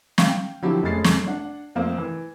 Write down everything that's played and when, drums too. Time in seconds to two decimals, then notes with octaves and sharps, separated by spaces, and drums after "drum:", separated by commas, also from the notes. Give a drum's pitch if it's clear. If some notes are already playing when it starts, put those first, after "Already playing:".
0.18 F5 G5, drum: snare
0.62 D3 F3 F#3 C4 E4 G4
0.83 F1 G#3 C#4 A6 C7
1.04 drum: snare
1.26 D4 F#5
1.75 F2 A#3 C4
1.98 E3